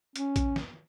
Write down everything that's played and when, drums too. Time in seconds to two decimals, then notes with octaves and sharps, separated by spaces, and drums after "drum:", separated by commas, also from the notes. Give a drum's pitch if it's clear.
0.16 C#4, drum: hi-hat
0.36 drum: kick, hi-hat
0.56 drum: snare